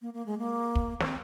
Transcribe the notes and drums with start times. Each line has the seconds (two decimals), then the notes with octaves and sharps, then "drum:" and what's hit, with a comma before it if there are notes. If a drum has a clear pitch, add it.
0.02 A#3
0.14 A#3
0.26 G#3
0.38 A#3
0.75 drum: kick
1.00 C4, drum: snare